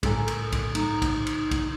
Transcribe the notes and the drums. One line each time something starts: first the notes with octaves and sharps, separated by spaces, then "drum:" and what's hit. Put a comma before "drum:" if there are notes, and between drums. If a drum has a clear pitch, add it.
A2 A4 A#4 G#5, drum: kick B1, cymbal
drum: cymbal
drum: kick B1, cymbal
D#4, drum: cymbal
drum: kick B1, cymbal
drum: cymbal
drum: kick B1, cymbal